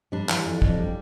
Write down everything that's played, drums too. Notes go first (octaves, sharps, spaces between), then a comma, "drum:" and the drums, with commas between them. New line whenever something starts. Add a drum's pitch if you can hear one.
G3 D4
E3, drum: clap
F2
F2, drum: kick
G3